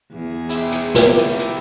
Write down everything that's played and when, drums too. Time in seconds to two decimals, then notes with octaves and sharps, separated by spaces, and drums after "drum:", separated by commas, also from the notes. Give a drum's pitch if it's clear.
0.12 E2 G#4
0.50 E4 G4, drum: hi-hat
0.72 drum: hi-hat
0.95 drum: snare
1.17 drum: hi-hat
1.40 drum: hi-hat